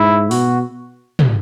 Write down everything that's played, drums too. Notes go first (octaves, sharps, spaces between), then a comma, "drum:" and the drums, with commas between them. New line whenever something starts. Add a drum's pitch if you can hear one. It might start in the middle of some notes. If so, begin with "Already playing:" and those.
Already playing: G#2 E4
B2 F#4, drum: open hi-hat
drum: tom